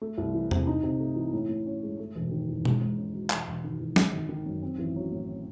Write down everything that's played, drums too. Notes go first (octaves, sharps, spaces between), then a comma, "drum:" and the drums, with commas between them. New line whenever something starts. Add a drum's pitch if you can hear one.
A3
C2
E3
C3, drum: tom E2
D#4
C3
A3
E3
A2
A2
C#4
G#3
A3
E1
D#3
E2
G#2, drum: tom B2
G#2
C#4
F#3
E1, drum: clap
E1
D#3
E2
G#3, drum: snare
G#1
D#3
F#2
C4
A1
F#3
A2